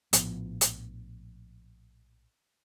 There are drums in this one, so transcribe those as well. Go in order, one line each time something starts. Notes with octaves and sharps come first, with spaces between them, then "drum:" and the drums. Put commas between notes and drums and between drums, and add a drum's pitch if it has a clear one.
A#1 A2 F3 B3, drum: hi-hat
drum: hi-hat